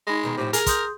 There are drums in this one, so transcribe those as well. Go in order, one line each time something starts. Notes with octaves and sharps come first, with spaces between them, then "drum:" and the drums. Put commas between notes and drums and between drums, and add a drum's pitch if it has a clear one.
G#3 D#4 B5 A#6
B2 D#3 A#4
F#2 A2 C3 F3
G#4 A#4, drum: hi-hat
C6 D#6 G6, drum: kick, hi-hat